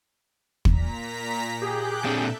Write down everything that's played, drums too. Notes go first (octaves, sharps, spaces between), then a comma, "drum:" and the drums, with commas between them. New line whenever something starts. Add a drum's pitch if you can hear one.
A#2 A#5 B6, drum: kick
G4 G#4 D6 F#6 G6
A#2 C4 D4 A4 E5